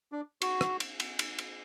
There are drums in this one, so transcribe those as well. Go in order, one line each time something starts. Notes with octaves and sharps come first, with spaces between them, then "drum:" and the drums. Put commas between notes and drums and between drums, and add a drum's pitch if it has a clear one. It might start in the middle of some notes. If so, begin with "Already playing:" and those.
D4
F#4, drum: cymbal
drum: rim click
drum: cymbal
drum: cymbal
drum: cymbal
drum: cymbal